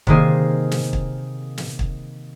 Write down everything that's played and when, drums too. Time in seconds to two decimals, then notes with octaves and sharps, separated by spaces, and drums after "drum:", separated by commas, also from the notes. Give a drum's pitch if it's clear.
0.07 C3 D#3 A#3 G#4 C5, drum: kick
0.71 drum: snare
0.93 drum: kick
1.58 drum: snare
1.79 drum: kick